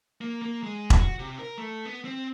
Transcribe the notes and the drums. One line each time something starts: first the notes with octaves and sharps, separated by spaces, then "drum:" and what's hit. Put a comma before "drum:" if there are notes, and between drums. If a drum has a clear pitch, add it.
A#3
A#3
G#3
drum: kick E1
F#4
C3
A#4
A3
B3
C4